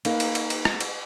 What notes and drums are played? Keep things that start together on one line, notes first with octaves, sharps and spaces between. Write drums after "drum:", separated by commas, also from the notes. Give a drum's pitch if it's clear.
A#3 D#4 A#4 B4, drum: cymbal
drum: cymbal
drum: cymbal
drum: cymbal
drum: rim click
drum: cymbal